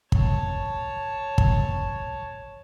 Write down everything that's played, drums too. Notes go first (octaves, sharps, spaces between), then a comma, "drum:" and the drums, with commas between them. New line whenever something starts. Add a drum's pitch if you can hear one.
C#5 A5, drum: kick
drum: kick